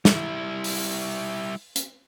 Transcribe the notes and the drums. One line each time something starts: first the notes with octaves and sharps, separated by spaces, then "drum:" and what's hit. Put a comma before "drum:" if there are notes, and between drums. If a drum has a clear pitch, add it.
G3 E4, drum: snare
drum: open hi-hat
drum: hi-hat